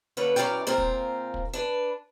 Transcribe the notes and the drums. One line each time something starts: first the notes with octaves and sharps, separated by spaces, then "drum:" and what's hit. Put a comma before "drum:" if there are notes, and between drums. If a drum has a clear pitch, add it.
D3 A#3 C#4 B4
F#2 E3 C#4 A#4 D5 G5
A#2 C4 F4 A#4 C5
drum: kick
drum: kick
D4 B4